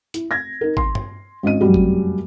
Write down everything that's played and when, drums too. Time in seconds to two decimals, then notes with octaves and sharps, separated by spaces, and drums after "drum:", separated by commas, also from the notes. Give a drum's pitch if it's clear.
0.14 E4, drum: hi-hat
0.31 G#6 A#6
0.61 D#4 A#4
0.77 C6, drum: kick
0.95 drum: tom G2
1.43 G#1 C#4 D#5 D#7
1.60 F1 F#2 F#3 G3 F#4
1.74 drum: kick